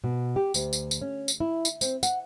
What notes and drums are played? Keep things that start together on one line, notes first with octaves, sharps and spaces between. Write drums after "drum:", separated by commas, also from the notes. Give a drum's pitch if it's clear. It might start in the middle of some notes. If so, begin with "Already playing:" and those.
B2
G4
D2, drum: tambourine
drum: tambourine
drum: tambourine
C#4
drum: tambourine
E4
drum: tambourine
C4, drum: tambourine
F#5, drum: tambourine